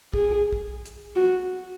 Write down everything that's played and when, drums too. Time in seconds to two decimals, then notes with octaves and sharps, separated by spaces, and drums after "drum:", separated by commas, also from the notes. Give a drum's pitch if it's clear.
0.14 G#4, drum: kick
0.52 drum: kick
0.86 drum: hi-hat
1.15 F#4